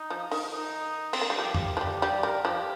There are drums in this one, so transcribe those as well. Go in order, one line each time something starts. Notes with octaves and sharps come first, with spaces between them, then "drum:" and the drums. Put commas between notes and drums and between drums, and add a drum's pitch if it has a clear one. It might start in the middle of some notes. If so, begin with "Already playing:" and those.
Already playing: D#4
F3
D#3, drum: open hi-hat
D#4
C4, drum: cymbal
A#3
G3
F3 G4
drum: tom F2
F3
G3
G3
G4
G3 A#4
F3 G4